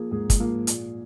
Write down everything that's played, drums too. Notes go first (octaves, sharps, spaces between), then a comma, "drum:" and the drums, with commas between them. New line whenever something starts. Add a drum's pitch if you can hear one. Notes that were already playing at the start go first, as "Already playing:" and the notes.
Already playing: F3 A#3 G#4
G#2 G#4
drum: kick, hi-hat
F3 A#3
A#2, drum: hi-hat